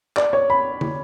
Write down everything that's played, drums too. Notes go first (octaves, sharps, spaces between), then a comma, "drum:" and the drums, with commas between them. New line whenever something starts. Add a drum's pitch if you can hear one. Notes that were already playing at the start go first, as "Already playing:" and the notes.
D5, drum: clap
C#5
B5
drum: tom